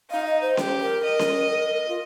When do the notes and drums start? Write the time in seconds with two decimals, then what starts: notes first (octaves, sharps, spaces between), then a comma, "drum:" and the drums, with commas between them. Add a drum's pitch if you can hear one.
0.10 D#4 F5
0.25 D#5
0.41 C5
0.57 G4, drum: snare C#4
0.81 A#4
1.04 D#5
1.19 drum: snare C#4
1.88 F4